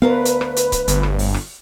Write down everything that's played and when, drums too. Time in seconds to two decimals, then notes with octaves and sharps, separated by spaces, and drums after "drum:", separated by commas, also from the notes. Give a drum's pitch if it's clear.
0.02 D2 B3 A#4 B4 F5
0.25 drum: hi-hat
0.41 drum: rim click
0.56 drum: hi-hat
0.72 drum: kick C#1, hi-hat
0.88 G1, drum: hi-hat
1.03 drum: rim click
1.19 drum: open hi-hat
1.34 drum: rim click